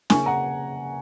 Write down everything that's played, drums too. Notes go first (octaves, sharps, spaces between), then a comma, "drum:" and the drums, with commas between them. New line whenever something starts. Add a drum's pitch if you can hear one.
C#3 A#3 C#4 G#5 C#6, drum: snare
F#5 A#5